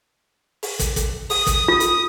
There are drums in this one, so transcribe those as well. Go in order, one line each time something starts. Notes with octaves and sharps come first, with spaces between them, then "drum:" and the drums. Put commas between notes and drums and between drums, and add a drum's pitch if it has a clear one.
drum: open hi-hat
drum: kick, hi-hat
drum: kick, hi-hat
D#6, drum: open hi-hat
drum: kick, hi-hat
F4
drum: hi-hat